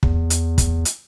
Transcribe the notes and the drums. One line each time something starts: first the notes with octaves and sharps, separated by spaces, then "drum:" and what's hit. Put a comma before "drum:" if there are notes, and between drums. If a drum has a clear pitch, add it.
E2, drum: kick
drum: hi-hat
drum: kick, hi-hat
drum: hi-hat